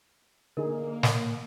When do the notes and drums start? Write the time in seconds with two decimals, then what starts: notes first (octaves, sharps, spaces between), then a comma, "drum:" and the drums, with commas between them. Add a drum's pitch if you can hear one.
0.57 D3 A#3 D#4 G#4 A#4
1.03 drum: snare